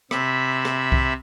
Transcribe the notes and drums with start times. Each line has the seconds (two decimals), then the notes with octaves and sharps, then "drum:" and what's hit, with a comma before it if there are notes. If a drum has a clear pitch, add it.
0.11 C3 E5 B5, drum: rim click
0.65 drum: rim click
0.92 drum: kick C2